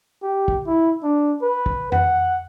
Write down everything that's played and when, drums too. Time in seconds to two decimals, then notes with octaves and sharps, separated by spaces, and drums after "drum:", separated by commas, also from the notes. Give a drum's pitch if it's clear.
0.22 G4
0.48 drum: kick
0.67 E4
1.03 D4
1.42 B4
1.66 drum: kick
1.92 F#5, drum: tom F2